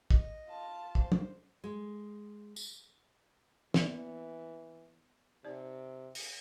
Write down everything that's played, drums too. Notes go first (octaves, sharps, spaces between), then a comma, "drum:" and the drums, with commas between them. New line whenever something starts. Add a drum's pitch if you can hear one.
D#5, drum: kick
F4 A5
C5, drum: kick
drum: tom
G#3
drum: tambourine
E3 A#3 B3 D5, drum: snare
C3 D#4 D5
drum: open hi-hat